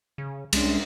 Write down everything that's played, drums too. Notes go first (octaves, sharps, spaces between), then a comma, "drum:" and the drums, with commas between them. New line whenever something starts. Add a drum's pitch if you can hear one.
C#3
C2 G#3 C#4 D4, drum: cymbal